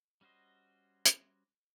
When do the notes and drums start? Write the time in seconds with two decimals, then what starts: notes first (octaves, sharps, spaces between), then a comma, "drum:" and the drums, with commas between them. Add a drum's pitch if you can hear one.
0.21 G3 C#4 F#4 C5 D#5
1.05 drum: hi-hat